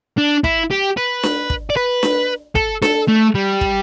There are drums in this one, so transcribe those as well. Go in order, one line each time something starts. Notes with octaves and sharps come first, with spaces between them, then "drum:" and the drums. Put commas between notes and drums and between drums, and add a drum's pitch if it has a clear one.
D4
E4, drum: kick
G4
B4
drum: snare D4
drum: kick
D5
B4
drum: snare D4
A4, drum: kick
A4, drum: snare D4
A3
G3
drum: kick